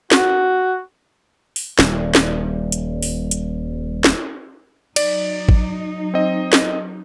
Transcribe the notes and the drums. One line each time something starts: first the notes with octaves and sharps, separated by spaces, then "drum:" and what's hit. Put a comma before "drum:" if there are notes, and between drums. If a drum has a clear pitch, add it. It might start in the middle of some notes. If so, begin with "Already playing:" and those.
F#4, drum: snare
drum: open hi-hat
D#1 G3, drum: snare
drum: snare
drum: hi-hat
drum: open hi-hat
drum: hi-hat
drum: snare
F#3 D#4 D5, drum: cymbal
drum: kick
C4 D#5
drum: snare